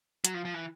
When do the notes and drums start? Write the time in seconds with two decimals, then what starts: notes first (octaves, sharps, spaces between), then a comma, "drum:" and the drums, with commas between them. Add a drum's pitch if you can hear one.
0.25 F#3, drum: hi-hat
0.34 F3
0.45 F3
0.54 E3